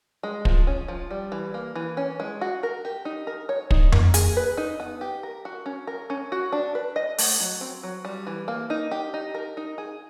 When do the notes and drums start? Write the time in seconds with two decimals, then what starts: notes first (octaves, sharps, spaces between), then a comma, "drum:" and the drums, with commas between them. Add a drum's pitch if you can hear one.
0.23 G#3
0.45 F3, drum: kick
0.67 C#4
0.88 F3
1.10 G3
1.32 E3
1.54 A#3
1.75 E3
1.97 C#4
2.20 G#3
2.41 F#4
2.63 A#4
2.85 G4
3.05 D#4
3.27 A#4
3.49 C#5
3.71 D#4, drum: kick
3.92 A#3, drum: tom F2
4.14 G#4, drum: hi-hat
4.37 B4
4.57 D#4
4.80 B3
5.01 G4
5.23 A#4
5.45 F#4
5.66 C#4
5.87 A#4
6.10 C#4
6.32 F#4
6.52 D4
6.75 B4
6.96 D#5
7.18 A3, drum: open hi-hat
7.40 F#3
7.61 C4
7.83 F#3
8.05 G3
8.27 E3
8.48 A#3
8.70 D#4
8.91 G4
9.14 D#4
9.35 A#4
9.57 D#4
9.78 G#4